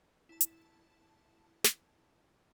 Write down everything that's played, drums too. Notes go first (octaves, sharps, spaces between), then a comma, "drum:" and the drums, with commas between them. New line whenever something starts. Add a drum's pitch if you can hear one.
E4 A5
drum: hi-hat
drum: snare